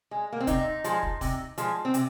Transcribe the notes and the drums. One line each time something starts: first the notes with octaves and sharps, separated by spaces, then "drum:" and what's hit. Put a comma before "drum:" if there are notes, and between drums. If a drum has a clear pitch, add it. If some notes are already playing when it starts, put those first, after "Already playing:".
G#3
A#3
C4
C3 D#4, drum: kick, hi-hat
F3 G#3, drum: hi-hat
drum: kick
C3, drum: kick, open hi-hat
F3 G#3, drum: hi-hat
C4
C3, drum: hi-hat